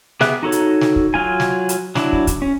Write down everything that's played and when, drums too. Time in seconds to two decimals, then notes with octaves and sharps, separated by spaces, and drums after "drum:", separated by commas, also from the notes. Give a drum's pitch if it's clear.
0.21 B3 G4 G#4 E5 F#6, drum: snare
0.43 D#4 F#4 A4 C#5
0.52 drum: hi-hat
0.81 drum: snare
0.96 drum: kick
1.14 F#3 F4 G#5
1.40 drum: snare
1.69 drum: hi-hat
1.95 F#3 D4 E4, drum: snare
2.13 drum: kick
2.27 drum: kick, hi-hat
2.42 C#4